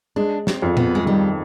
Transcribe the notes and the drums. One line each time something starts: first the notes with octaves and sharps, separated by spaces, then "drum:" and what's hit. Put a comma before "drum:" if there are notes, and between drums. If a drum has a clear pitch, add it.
G#3 D4
C4, drum: snare
F2
B3, drum: tom
G#3
D#3 G3